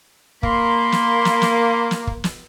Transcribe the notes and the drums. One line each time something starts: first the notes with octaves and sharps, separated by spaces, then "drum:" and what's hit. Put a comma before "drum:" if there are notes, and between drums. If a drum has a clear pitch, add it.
A#3 B5 C6, drum: kick
drum: snare
drum: snare
drum: snare
drum: snare
drum: kick
drum: snare